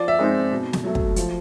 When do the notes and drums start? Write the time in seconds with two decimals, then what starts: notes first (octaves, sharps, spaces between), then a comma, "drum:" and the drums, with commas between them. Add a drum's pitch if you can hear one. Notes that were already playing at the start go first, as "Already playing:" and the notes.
Already playing: F3 D5
0.08 E5
0.19 G#3 C4 D#4
0.52 B2
0.73 drum: snare
0.84 F#3 A3
0.95 drum: kick
1.16 F3, drum: hi-hat